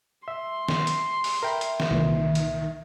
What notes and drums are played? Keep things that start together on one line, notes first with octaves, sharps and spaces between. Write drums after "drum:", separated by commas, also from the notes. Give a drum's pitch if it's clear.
E5 C6
drum: snare
drum: hi-hat
drum: open hi-hat
A#4 E5 G5 B5
drum: hi-hat
drum: snare
C2 A#2 D#3 E3
drum: hi-hat